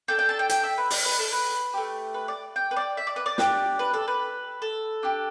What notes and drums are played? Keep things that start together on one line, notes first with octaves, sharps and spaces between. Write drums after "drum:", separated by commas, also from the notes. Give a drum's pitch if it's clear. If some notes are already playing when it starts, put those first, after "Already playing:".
D4 A4 G5
G5
A5
G5
G5, drum: hi-hat
E5
B4
D5, drum: open hi-hat
B4
A4
B4
A3 G4
B4
D5
G5
B4
D5
E5
D5
B4
D5
D4 G4, drum: snare
B4
A4
B4
A4
D4 G4